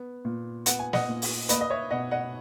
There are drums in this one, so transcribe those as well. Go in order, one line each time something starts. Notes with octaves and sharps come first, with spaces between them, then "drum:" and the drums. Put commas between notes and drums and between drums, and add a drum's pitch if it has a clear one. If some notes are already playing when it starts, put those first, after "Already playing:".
Already playing: B3
A#2
B3 F#5, drum: hi-hat
G#5
D#5 F#5, drum: snare
A#2
drum: open hi-hat
A#3 B4 D#5, drum: hi-hat
D#5
C#5 E5
B2 D#5 F#5
D#5 F#5